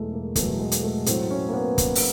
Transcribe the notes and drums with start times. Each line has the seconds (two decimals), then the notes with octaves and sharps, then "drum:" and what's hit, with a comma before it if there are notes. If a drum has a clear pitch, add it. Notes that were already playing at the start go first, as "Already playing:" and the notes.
Already playing: E2 B2 F#3 G#3 A3
0.12 A#3
0.36 E2 B2 F#3 A3, drum: kick, hi-hat
0.60 G#3
0.72 drum: hi-hat
0.83 A3
1.06 A2 F#3 C4, drum: hi-hat
1.30 C#4
1.48 A#3
1.54 B3
1.78 drum: kick, hi-hat
1.95 drum: open hi-hat